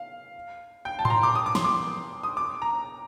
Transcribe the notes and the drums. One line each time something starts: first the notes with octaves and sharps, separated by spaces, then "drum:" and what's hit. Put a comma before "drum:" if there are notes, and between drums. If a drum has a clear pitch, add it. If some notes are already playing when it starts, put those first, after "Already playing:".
Already playing: F5
G5
A5
C6, drum: tom G#2
A#5
D6
D#6
D6
C6, drum: snare
D6
D#6
D6
A#5